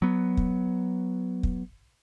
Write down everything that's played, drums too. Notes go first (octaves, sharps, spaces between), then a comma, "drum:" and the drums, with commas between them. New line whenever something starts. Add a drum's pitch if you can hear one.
F#3 B3
drum: kick
drum: kick